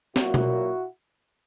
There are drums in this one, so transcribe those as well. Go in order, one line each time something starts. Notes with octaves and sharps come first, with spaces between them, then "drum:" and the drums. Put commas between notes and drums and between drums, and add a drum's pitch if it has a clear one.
A#2 F#3 A#3 E4 F#4, drum: snare
drum: tom B2